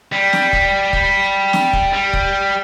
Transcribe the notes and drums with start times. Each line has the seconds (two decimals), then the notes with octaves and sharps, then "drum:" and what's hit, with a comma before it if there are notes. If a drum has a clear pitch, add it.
0.13 G3
0.33 drum: snare
0.53 drum: kick
0.93 drum: kick
1.53 drum: snare
1.73 drum: kick
1.94 G3
2.13 drum: kick